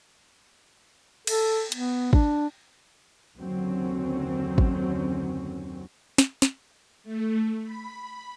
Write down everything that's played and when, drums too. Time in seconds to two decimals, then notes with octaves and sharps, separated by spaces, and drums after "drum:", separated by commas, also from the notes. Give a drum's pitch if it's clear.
1.27 A4, drum: cymbal
1.72 B3, drum: hi-hat
2.13 D4, drum: kick
3.37 F#1 D#2 D3 F#3 C4 C#4
4.58 drum: kick
6.18 drum: snare
6.42 drum: snare
7.04 A3
7.63 B5